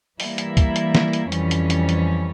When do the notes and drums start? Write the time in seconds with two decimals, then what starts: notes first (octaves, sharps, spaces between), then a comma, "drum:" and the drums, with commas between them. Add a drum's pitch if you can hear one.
0.20 E3 G3 A#3 E4, drum: open hi-hat
0.38 drum: hi-hat
0.57 drum: kick C#2, hi-hat
0.76 drum: hi-hat
0.95 drum: snare
1.13 drum: hi-hat
1.32 F2 E3 G3 C#4, drum: hi-hat
1.51 drum: hi-hat
1.70 drum: hi-hat
1.89 drum: hi-hat